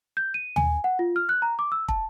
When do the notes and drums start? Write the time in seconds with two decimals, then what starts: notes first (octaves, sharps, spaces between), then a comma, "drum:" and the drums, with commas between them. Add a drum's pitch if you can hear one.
0.17 G6
0.34 D#7
0.56 G#5, drum: tom D#2
0.84 F#5
0.99 F4
1.16 F6
1.29 F#6
1.42 A#5
1.59 D6
1.72 E6
1.88 A5, drum: kick